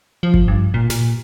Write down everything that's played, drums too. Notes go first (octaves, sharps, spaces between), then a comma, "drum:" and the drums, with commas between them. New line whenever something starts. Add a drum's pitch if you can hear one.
F3
drum: kick G1
G2
A#2
A#2, drum: snare